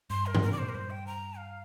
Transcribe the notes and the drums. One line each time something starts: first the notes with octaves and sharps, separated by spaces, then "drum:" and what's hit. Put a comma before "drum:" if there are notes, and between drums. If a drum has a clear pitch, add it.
G2 C6
A#4
D3, drum: tom
A#4
C3 D5
A#2 C5
A#4
G2 C5
G5
A#5
F5